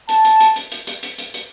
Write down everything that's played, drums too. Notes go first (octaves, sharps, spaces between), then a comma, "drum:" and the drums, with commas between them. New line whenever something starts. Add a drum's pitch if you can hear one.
A5, drum: hi-hat
drum: hi-hat
drum: hi-hat
drum: hi-hat
drum: hi-hat
drum: hi-hat
drum: hi-hat
drum: hi-hat
drum: hi-hat